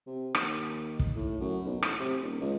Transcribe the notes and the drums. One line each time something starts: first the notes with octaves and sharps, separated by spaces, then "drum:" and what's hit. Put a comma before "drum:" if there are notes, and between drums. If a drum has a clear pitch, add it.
C3
D#2, drum: rim click
drum: kick
A2
F#2
B1
A2, drum: rim click
C3
D#1
C#2